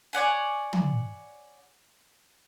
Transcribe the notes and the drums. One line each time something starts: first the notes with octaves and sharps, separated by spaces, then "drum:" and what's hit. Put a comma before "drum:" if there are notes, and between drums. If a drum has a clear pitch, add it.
C#5 D5 F#5 G#5
drum: tom